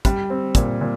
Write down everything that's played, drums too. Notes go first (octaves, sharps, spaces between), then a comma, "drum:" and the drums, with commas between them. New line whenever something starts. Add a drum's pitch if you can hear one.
G3, drum: kick, hi-hat
C4
A#2, drum: kick, hi-hat
A#2